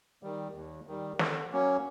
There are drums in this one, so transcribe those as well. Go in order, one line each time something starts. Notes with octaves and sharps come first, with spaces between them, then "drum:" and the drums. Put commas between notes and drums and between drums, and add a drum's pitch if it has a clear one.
D#3 G3
D#2
D#3 G3
D3, drum: snare
F#3 A#3 C#4